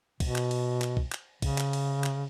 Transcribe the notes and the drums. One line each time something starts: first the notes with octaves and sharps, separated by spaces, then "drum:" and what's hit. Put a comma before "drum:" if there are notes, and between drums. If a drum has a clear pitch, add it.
B2, drum: kick, cymbal
drum: clap
drum: cymbal
drum: clap
drum: kick
drum: clap
C#3, drum: kick, cymbal
drum: clap
drum: cymbal
drum: clap